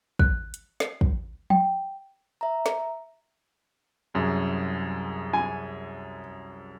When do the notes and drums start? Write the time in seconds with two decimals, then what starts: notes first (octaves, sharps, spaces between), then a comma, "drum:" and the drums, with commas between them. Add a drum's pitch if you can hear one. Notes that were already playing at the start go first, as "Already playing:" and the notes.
0.19 F#6, drum: kick
0.54 drum: hi-hat
0.80 C7, drum: snare
1.01 drum: kick
1.50 G5, drum: tom
2.41 E5 A#5
2.66 drum: snare
4.14 C2 F#2 G#4
5.33 G#5